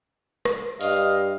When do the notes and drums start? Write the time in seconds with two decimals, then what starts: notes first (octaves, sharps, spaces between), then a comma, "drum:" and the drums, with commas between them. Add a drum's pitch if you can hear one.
0.45 drum: rim click
0.81 G2 D#5 F5, drum: open hi-hat